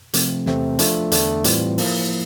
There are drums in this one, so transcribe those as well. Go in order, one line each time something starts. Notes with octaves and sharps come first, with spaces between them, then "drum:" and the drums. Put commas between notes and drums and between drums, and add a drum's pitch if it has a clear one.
C3 F3 A3 C4, drum: hi-hat
E2 C3 E3 A3 C4, drum: snare
F3 A3 D4 F4, drum: hi-hat
E2 D3 A3 D4, drum: hi-hat
A2 E3 G3 C4 F4, drum: hi-hat
F3 A#3 E4, drum: open hi-hat